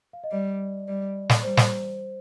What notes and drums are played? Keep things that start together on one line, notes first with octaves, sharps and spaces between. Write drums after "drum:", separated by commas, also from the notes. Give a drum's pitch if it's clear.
F5
D#5
G3 D5
G3 D5
drum: snare
G3 C5
drum: snare